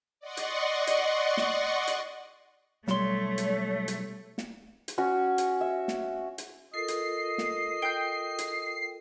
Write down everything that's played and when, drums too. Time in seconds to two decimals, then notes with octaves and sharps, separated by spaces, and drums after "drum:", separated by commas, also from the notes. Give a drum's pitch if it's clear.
0.20 D5 D#5 F#5 C6 C#6
0.37 drum: hi-hat
0.87 drum: hi-hat
1.37 drum: snare
1.87 drum: hi-hat
2.88 B1 G3 A3 C#5 C6, drum: snare
3.38 drum: hi-hat
3.88 drum: hi-hat
4.38 drum: snare
4.88 drum: hi-hat
4.98 C#4 F#4
5.38 drum: hi-hat
5.61 E5
5.88 drum: snare
6.38 drum: hi-hat
6.74 F4 A4 A#4 D#5 C7
6.88 drum: hi-hat
7.38 drum: snare
7.82 G5 G6
8.38 drum: hi-hat